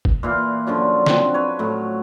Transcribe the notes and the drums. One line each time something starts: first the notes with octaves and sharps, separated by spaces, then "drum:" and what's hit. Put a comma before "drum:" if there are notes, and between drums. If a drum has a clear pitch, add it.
drum: kick
A#2 E3 F5
F#2 D3 F3 F#3
F3 C4 D4, drum: snare
B4 C#5
A2 F#3 A3